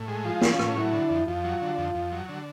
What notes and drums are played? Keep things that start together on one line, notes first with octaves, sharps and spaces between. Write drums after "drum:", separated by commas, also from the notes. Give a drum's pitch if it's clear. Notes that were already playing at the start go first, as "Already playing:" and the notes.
Already playing: A2
G#3
F3 F4
C#4, drum: snare
A2, drum: rim click
F#3 E4
D3
F2
F2 F4
F#3
D3
F2
F2
F#3
D3